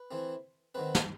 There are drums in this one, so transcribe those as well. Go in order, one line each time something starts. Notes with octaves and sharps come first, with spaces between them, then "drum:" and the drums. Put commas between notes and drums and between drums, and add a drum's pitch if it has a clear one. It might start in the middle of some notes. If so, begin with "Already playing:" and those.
Already playing: B4
E3 A3 C4
D#3 F#3 A3 C4 B4
drum: snare